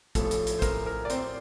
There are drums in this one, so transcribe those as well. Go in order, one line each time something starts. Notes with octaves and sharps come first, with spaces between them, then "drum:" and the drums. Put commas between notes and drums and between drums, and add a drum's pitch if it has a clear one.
A1 A2 F3 A3 A4, drum: kick, hi-hat
drum: hi-hat
drum: hi-hat
C5
A#4, drum: kick, hi-hat
A#4
D5
C4 C5, drum: hi-hat